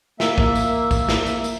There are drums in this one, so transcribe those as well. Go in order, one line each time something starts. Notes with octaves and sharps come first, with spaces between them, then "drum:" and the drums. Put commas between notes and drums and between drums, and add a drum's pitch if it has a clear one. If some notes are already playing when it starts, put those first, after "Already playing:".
A#3 E5, drum: snare
drum: kick
drum: tambourine
drum: kick, tambourine
drum: snare
drum: tambourine
drum: tambourine